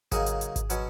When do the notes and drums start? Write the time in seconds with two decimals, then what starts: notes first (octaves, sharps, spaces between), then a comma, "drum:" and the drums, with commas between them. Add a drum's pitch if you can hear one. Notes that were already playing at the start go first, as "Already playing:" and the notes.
0.12 C#3 F#3 A#3 D#4 G#4, drum: kick G#1, hi-hat
0.26 drum: hi-hat
0.41 drum: hi-hat
0.56 drum: kick G#1, hi-hat
0.70 B2 F#3 C#4, drum: hi-hat